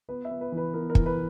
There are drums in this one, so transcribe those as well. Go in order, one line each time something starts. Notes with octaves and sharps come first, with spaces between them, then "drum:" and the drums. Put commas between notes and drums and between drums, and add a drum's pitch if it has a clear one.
B3 B4
E5
B3
B4
E3
B4
B3 A#4
A#4
E3, drum: kick
B4